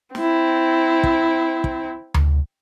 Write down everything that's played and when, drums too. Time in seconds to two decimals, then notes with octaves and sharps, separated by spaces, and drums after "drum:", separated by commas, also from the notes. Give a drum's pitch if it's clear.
0.15 C4 E4, drum: snare
1.03 drum: kick
1.64 drum: kick
2.14 drum: tom D2